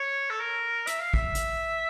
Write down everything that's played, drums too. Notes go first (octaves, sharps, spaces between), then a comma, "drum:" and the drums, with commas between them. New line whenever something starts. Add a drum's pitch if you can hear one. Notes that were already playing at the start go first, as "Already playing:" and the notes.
Already playing: C#5
A4
A#4
E5, drum: hi-hat
F5
E5, drum: kick
drum: hi-hat